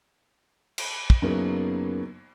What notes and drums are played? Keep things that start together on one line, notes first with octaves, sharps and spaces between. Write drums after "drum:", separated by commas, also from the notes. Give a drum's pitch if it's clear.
drum: cymbal
drum: kick
F#2 C#3 F#3 A#3 B3 D#4